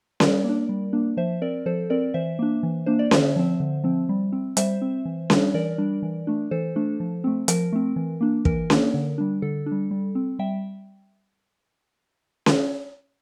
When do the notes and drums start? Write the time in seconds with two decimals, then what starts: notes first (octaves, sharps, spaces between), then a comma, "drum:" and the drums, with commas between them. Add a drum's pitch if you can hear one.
0.20 G3 A#4 D5, drum: snare C#4
0.44 A#3 D4
0.69 G3
0.93 A#3 D4
1.17 F3 C5 E5
1.42 C4 A#4 D5
1.66 F3 A4 C5
1.90 C4 A#4 D5
2.14 E3 C5 E5
2.39 A#3 D4
2.63 E3
2.86 A#3 D4 C5
2.99 D5
3.11 D3 C5 E5, drum: snare C#4
3.36 F3 C4
3.60 D3
3.84 F3 C4
4.09 G3
4.32 C4
4.57 G3 C5 E5, drum: hi-hat
4.82 C4
5.05 E3
5.30 G3 D4, drum: snare C#4
5.54 E3 A#4 D5
5.78 G3 D4
6.03 E3
6.27 A3 D4
6.51 E3 A4 C5
6.76 A3 D4
7.00 F3
7.24 A3 C4
7.48 F3 A#4, drum: hi-hat
7.73 A3 C4
7.96 E3
8.21 A#3 D4
8.45 E3 A#4, drum: kick
8.70 A#3 D4, drum: snare C#4
8.94 D3
9.18 G3 D4
9.42 D3 A4
9.66 D4
9.72 G3
9.91 G3
10.15 C4
10.39 G3 E5 G5
12.46 drum: snare C#4